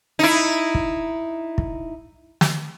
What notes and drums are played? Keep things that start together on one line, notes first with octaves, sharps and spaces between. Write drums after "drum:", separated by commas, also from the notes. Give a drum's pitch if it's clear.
D#4 E4
drum: kick
drum: kick
drum: snare